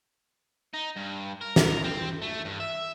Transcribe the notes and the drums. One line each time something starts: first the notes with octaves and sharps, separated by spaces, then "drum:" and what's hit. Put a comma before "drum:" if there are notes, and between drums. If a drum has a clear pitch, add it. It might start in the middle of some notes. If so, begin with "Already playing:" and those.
D#4
G2
A#4
drum: snare
C4
A3
G2
E5